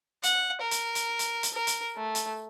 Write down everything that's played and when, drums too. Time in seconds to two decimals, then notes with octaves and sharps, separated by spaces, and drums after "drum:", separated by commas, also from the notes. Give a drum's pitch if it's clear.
0.23 F#5, drum: hi-hat
0.61 A#4
0.71 drum: hi-hat
0.95 drum: hi-hat
1.19 drum: hi-hat
1.43 drum: hi-hat
1.53 A#4
1.67 drum: hi-hat
1.97 A3
2.15 drum: hi-hat